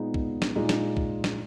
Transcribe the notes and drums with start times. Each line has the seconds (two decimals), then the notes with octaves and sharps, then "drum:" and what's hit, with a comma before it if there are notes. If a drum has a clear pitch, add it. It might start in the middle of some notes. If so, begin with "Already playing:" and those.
Already playing: A#2 G#3 B3 D#4
0.14 drum: kick B1
0.42 drum: snare
0.56 A#2 G#3 D#4
0.69 drum: snare
0.97 drum: kick B1
1.24 drum: snare